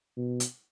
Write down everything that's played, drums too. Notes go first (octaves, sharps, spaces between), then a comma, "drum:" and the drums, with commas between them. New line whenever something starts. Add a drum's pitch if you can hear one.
B2
drum: hi-hat